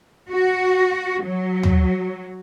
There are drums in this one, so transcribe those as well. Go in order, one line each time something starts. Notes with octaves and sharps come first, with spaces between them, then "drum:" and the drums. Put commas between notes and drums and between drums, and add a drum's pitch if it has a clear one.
F#4
F#3
drum: tom